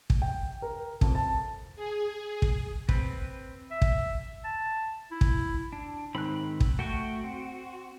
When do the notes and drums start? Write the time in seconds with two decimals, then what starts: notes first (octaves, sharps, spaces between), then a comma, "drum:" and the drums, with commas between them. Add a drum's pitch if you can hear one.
0.10 drum: kick
0.22 G5
0.62 A#4
1.01 F2, drum: kick
1.15 A5
1.76 G#4
2.42 drum: kick
2.89 C4 B4, drum: kick
3.71 E5
3.82 drum: kick
4.44 A5
5.11 E4
5.21 drum: kick
5.73 D4
6.15 G#2 D#3 C4 B5 F#6
6.60 drum: kick
6.79 A3 F#4 G5 C#6
7.24 C4